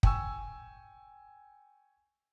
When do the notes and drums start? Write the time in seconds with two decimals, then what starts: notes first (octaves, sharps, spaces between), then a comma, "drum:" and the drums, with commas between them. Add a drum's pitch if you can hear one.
0.03 G5 G#5 C#6 E6, drum: kick